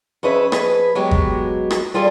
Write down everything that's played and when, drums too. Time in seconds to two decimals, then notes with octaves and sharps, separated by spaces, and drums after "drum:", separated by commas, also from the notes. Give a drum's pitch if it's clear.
0.23 F2 C#4 G#4 B4 E5
0.52 F2 G#4 B4, drum: rim click
0.95 F#3 G#3 B3 G4
1.11 drum: kick
1.71 drum: rim click
1.94 G3 F4 G#4 A4 D5